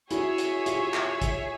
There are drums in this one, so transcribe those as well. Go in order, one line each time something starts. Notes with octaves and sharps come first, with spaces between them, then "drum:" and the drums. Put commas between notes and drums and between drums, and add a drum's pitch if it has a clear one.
E4 F#4 G#4 C#5 E5, drum: hi-hat
drum: hi-hat
F4 G4, drum: hi-hat
drum: clap
drum: kick, hi-hat